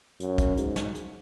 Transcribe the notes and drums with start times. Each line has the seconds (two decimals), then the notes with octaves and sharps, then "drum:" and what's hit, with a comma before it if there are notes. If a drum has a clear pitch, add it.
0.20 F#2, drum: hi-hat
0.38 drum: kick, hi-hat
0.57 G#2, drum: hi-hat
0.76 drum: snare
0.95 drum: hi-hat